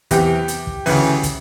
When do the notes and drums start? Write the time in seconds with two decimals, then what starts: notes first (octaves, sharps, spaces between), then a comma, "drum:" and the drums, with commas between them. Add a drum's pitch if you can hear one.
0.11 E2 C3 E3 G4, drum: kick, hi-hat
0.48 drum: hi-hat
0.67 drum: kick
0.86 D2 C#3 E3, drum: open hi-hat
1.23 drum: kick, hi-hat